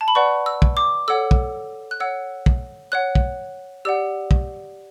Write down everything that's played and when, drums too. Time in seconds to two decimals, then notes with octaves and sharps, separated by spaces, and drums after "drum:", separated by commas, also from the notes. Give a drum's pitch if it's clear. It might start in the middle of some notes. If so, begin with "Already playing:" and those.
0.01 A5
0.08 B5
0.15 B4 D5 F#5 C#6
0.46 E6
0.62 drum: kick
0.77 D6
1.08 A4 C#5 F#5 E6
1.31 drum: kick
1.91 F#6
2.00 C#5 F#5 E6
2.46 drum: kick
2.92 C#5 F#5 F#6
3.15 drum: kick
3.85 G4 D5 F#5 E6
4.31 drum: kick